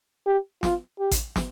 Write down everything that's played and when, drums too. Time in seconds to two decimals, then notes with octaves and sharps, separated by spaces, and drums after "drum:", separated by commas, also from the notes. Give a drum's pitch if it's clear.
0.26 G4
0.63 F4, drum: snare
0.99 G4
1.11 drum: kick A1, hi-hat
1.36 drum: snare